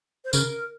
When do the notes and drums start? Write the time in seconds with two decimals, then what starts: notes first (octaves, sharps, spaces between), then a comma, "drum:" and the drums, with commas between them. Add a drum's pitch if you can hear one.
0.25 C5
0.33 C#3 A#4, drum: tambourine